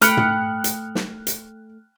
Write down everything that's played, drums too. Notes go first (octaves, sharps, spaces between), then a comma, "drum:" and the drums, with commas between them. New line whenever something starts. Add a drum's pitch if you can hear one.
A3 G5 B5 D#6 F6 F#6 C#7, drum: hi-hat
drum: tom
drum: hi-hat
drum: snare
drum: hi-hat